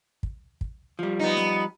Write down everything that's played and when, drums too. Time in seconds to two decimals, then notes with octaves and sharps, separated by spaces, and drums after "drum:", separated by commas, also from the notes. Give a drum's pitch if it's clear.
0.23 drum: kick
0.61 drum: kick
0.99 F3 G3
1.19 B3 D#4
1.37 drum: snare